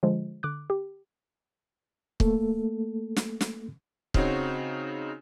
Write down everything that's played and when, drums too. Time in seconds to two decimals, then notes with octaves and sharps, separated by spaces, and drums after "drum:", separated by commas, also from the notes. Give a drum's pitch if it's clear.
0.03 D3 F3 G#3
0.43 D3 D6 F#6
0.70 G4
2.20 A3 A#3 A4, drum: kick
3.16 drum: snare
3.41 drum: snare
4.14 C#3 C4 D#4 F#4 C#5, drum: kick